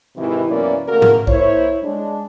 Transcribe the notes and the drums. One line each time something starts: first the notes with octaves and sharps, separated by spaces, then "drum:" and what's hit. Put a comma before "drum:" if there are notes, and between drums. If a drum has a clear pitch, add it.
G#2 C3 D#3 E3 E4
F#2 B2 E3 A#3 C#4 D5
C#3 A3 A#3 F#4 A#4
drum: tom
A#3 E4 C5 C#5, drum: kick B1
G#3 D4